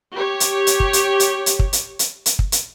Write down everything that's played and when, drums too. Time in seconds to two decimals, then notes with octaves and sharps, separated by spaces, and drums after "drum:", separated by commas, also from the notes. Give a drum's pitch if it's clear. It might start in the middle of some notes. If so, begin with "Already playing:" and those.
0.14 G4 C#5
0.40 drum: hi-hat
0.67 drum: hi-hat
0.80 drum: kick
0.93 drum: hi-hat
1.20 drum: hi-hat
1.46 drum: hi-hat
1.59 drum: kick
1.73 drum: hi-hat
1.99 drum: hi-hat
2.26 drum: hi-hat
2.39 drum: kick
2.52 drum: hi-hat